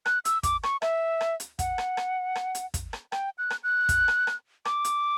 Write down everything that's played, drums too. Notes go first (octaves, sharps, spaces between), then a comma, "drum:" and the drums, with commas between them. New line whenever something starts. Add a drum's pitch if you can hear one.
F#6, drum: rim click
E6, drum: hi-hat
D6, drum: kick, hi-hat
C#6, drum: rim click
E5, drum: rim click
drum: rim click
drum: hi-hat
F#5, drum: kick, hi-hat
drum: rim click
drum: rim click
drum: rim click
drum: hi-hat
drum: kick, hi-hat
drum: rim click
G5, drum: rim click
F#6
drum: rim click
F#6
drum: kick, hi-hat
drum: rim click
drum: rim click
D6, drum: rim click
drum: hi-hat